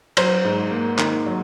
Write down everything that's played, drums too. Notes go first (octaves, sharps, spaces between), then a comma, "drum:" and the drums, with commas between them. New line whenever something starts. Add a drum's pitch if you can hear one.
F#3 C5, drum: cymbal
G#2
A#3
D#3, drum: clap
F#3